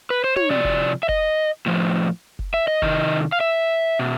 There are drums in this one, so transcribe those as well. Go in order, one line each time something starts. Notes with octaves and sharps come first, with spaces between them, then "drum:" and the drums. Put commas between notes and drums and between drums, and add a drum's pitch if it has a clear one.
B4
C5
C#5, drum: tom
C3 F3 D5
drum: kick F1
E5
D#5, drum: kick F1
A2 F3
drum: kick F1
E5
D#5
C3 D#3, drum: kick F1
F5
E5
B2